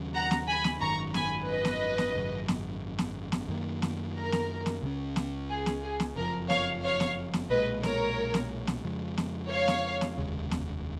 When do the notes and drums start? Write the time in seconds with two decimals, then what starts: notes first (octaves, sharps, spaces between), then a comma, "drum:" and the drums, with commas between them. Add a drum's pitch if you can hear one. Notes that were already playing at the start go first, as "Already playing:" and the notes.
Already playing: D#2 C#3 F#3 C#4
0.14 F#5 A#5
0.31 drum: snare
0.47 G#5 B5
0.64 drum: snare
0.80 G#1 F#2 D#3 A#5 C#6
1.14 G#5 B5, drum: snare
1.48 B4 D#5
1.65 drum: snare
1.98 drum: snare
2.15 G#1 F#2 C#3
2.48 drum: snare
2.99 drum: snare
3.32 drum: snare
3.48 F#2 D#3 A#3
3.82 drum: snare
4.15 A#4
4.32 drum: snare
4.66 drum: snare
4.83 C#2 C#3 G#3 C#4
5.16 drum: snare
5.49 G#4
5.66 drum: snare
5.83 G#4
6.00 drum: snare
6.16 F#1 F2 F3 A#4
6.50 C#5 F5, drum: snare
6.83 C#5 F5
7.00 drum: snare
7.33 drum: snare
7.50 B1 A#2 G#3 B4 D#5
7.83 A#4 C#5, drum: snare
8.34 drum: snare
8.67 drum: snare
8.84 F2 C#3 F3 G#3
9.18 drum: snare
9.51 C#5 F5
9.68 drum: snare
10.01 drum: snare
10.18 F1 D#2 C#3 G#3
10.51 drum: snare